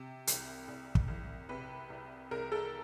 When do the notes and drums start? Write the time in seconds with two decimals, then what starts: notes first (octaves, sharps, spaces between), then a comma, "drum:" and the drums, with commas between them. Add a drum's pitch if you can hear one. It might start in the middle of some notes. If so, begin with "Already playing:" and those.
Already playing: C3
0.27 C2, drum: hi-hat
0.68 C2
0.95 drum: kick
1.08 C2
1.49 C3 B4
1.90 C2
2.31 C2 A#4
2.52 A4